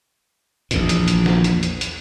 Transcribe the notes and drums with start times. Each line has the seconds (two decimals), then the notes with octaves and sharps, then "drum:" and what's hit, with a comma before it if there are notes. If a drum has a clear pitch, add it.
0.71 A#1 E2 A#2, drum: hi-hat
0.89 drum: hi-hat
1.08 drum: hi-hat
1.26 drum: snare
1.44 drum: hi-hat
1.63 drum: hi-hat
1.81 drum: hi-hat